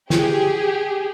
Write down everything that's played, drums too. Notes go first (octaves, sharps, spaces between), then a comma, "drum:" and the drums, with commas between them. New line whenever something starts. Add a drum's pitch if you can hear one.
G4 G#4, drum: snare